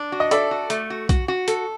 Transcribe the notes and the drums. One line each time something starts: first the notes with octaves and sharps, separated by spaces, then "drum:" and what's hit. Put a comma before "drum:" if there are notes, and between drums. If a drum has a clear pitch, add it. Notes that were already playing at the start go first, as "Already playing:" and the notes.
Already playing: D4
F#4
D#5
A4 D5 E5, drum: hi-hat
F#4
A3, drum: hi-hat
F#4
F#4, drum: kick B1, hi-hat
F#4
A4, drum: hi-hat